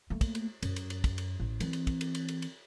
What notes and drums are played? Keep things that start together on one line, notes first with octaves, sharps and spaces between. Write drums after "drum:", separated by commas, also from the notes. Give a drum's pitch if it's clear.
A3 A#3
drum: kick, cymbal
drum: cymbal
F#2, drum: cymbal
drum: cymbal
drum: cymbal
drum: kick, cymbal
drum: cymbal
A1
E3 C4, drum: cymbal
drum: cymbal
drum: kick, cymbal
drum: cymbal
drum: cymbal
drum: cymbal
drum: cymbal